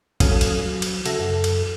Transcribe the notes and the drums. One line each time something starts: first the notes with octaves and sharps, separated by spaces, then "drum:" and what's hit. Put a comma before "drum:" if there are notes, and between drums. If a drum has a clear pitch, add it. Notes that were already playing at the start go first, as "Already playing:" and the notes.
F#3 C#4 A4 F5 G#5 D#6, drum: kick, cymbal
drum: cymbal
F#3
drum: cymbal
C#3 F#4 A4 E5 A#6, drum: cymbal
F#2 A4
drum: cymbal